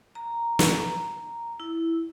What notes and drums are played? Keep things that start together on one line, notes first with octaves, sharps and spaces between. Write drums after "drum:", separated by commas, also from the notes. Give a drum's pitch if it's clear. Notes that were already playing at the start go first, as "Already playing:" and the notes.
A#5
drum: snare
E4